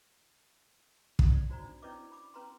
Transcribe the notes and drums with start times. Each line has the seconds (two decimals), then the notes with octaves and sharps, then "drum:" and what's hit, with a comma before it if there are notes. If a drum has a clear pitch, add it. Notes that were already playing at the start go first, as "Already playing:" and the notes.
1.19 drum: kick
1.31 D5
1.50 D#4 F#4 C5 D5 A#5
1.65 D4
1.82 C#4 E4 B4 D5 D#5 D6
2.12 B5 D6
2.34 C#4 B4 A#5 C6